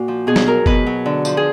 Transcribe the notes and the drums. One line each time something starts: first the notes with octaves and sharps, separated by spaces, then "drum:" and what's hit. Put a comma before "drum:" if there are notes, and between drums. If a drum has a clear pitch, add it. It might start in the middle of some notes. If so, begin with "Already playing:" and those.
Already playing: A#2 F#4
F3
B2 G#4
drum: snare
F#3 A#4
B2 B4, drum: kick
F#3
D3
F3, drum: tambourine
G#4